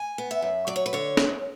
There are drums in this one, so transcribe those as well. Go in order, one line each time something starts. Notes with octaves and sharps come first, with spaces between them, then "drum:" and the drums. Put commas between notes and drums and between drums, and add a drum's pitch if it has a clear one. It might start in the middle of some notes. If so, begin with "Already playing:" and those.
Already playing: G#5
B3
E5
F#2
F#3 D5
C#5
B4
D3 C#5
F#2, drum: snare